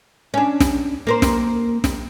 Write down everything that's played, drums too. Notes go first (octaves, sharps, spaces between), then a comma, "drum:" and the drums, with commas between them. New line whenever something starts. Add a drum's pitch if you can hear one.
C#4 D4
drum: snare
A#3 A#4 C5
drum: snare
drum: snare